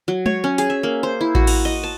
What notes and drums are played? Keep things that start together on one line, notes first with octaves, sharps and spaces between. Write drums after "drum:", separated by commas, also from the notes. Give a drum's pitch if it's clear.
F#3
C#5, drum: tom G#3
C#4
G#4, drum: hi-hat
E5
A#3
C5
E4
F#4, drum: kick A1
A#5, drum: cymbal
D#5
A5